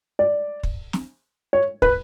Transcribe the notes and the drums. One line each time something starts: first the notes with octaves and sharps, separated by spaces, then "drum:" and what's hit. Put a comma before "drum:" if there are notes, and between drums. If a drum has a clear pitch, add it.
D5
drum: kick
drum: snare
C#5
B4, drum: kick